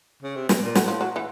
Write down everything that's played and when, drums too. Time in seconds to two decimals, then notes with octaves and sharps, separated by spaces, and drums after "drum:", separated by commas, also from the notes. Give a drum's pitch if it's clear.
0.23 C#3
0.36 C3
0.49 B2, drum: snare
0.63 A#2
0.75 A2 F#3, drum: snare
0.88 F3
1.01 F#3
1.16 E3